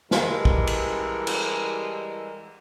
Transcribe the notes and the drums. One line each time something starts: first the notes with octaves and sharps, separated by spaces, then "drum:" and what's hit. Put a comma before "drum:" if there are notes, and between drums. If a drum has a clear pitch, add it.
E3 G3 G#3 G4 A4 A#4, drum: snare
drum: kick
drum: cymbal
drum: cymbal